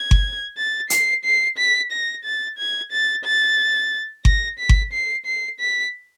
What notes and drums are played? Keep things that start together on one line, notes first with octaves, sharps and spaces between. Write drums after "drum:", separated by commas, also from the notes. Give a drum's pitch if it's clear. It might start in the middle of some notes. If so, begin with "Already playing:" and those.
Already playing: G#6
drum: kick G1
A6
C7, drum: hi-hat
C7
B6
A#6
A6
G#6
A6
A6
A#6, drum: kick G1
B6
drum: kick G1
C7
C7
B6